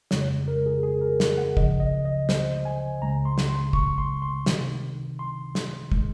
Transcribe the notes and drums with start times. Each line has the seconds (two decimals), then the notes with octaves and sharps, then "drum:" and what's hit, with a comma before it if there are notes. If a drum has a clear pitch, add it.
0.11 F2 C#3 G#3 C#5, drum: snare
0.48 A#4
0.66 G#4
0.83 G#4
1.01 A#4
1.20 drum: snare
1.38 F#5
1.57 C#2 C#3 F3 D#5, drum: kick
1.80 D#5
2.05 D#5
2.29 C5, drum: snare
2.65 G#5
3.02 C#2 C#3 G#3 A#5
3.25 C6
3.38 drum: snare
3.49 C6
3.73 C#6, drum: kick
3.98 C6
4.22 C6
4.46 C2 C3 D#3, drum: snare
5.19 C6
5.55 drum: snare
5.92 D#3 G#3, drum: kick